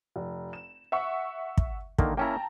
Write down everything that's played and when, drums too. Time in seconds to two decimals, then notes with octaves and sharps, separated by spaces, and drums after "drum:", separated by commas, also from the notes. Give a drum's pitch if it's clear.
0.16 F1
0.53 E7
0.92 E5 F#5 C#6
1.57 drum: kick
1.98 D3 D#3 A#3, drum: kick
2.17 A#3 C#4 E4 G5 A5 A#5